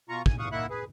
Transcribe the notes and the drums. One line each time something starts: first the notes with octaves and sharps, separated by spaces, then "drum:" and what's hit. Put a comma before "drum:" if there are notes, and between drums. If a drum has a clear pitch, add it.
B2 F4 A#5 C#6
G#5, drum: kick
E2 F5 F#5 C#6 D#6
D#3 A#3 E4 E5 F#5 F#6
G#4 B4